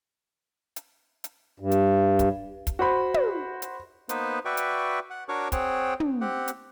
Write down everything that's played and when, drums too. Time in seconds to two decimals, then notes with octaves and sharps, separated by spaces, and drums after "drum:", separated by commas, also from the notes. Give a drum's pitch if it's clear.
0.76 drum: hi-hat
1.24 drum: hi-hat
1.60 G2
1.71 drum: hi-hat
2.19 drum: kick, hi-hat
2.67 drum: kick, hi-hat
2.79 F#4 C5 B5
3.14 drum: tom
3.62 drum: hi-hat
4.09 A#3 B3 D#4 B4 C5, drum: hi-hat
4.45 F#4 B4 D5 E5 G5 C#6
4.57 drum: hi-hat
5.10 F#5
5.29 D4 F#4 A#4 C#5 C#6 D6
5.52 C4 G#4 C5 C#5 F#5 G5, drum: kick, hi-hat
6.00 drum: tom
6.21 C4 G4 F#5
6.48 drum: hi-hat